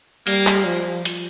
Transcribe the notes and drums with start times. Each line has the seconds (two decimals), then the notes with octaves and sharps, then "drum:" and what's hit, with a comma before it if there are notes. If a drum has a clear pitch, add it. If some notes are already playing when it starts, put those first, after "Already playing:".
0.27 G3 A#3, drum: hi-hat
0.47 drum: clap
0.66 F3
1.05 drum: hi-hat